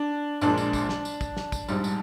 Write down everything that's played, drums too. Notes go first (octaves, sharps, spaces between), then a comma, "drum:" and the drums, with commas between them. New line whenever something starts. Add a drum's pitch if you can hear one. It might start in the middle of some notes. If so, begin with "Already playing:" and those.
Already playing: D4
A#1 A#2 F3 G#3 D4, drum: tambourine
drum: tambourine
drum: kick, tambourine
drum: snare
drum: tambourine
drum: kick, tambourine
drum: snare
drum: kick, tambourine
A#1 G#2 G3, drum: tambourine
drum: tambourine